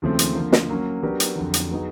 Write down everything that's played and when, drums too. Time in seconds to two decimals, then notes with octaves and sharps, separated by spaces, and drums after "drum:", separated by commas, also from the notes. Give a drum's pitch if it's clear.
0.02 D#2 C#3 F3 A3 C4
0.19 drum: hi-hat
0.35 D3 F3 A#3
0.52 drum: snare
0.69 F#3 A#3 C#4
1.03 F#3 B3 D4 G4 A#4
1.20 drum: hi-hat
1.36 F2 D3 F#3
1.54 drum: hi-hat
1.71 F#3 B3 D#4 G#4